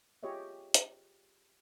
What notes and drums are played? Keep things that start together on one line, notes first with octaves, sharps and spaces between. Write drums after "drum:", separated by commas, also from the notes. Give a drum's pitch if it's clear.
F4 G4 G#4 C#5 D#5 E5
drum: hi-hat